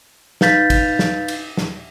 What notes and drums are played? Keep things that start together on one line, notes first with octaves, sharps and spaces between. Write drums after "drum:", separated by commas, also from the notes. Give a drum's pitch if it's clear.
D#4 B4 F5 G6 A6 B6, drum: snare
drum: kick, cymbal
drum: snare
drum: cymbal
drum: snare